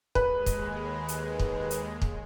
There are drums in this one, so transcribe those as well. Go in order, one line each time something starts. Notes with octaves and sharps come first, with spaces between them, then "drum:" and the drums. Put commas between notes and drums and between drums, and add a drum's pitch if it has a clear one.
D#2 G#3 B4, drum: kick
drum: kick, hi-hat
drum: hi-hat
drum: kick
drum: hi-hat
drum: kick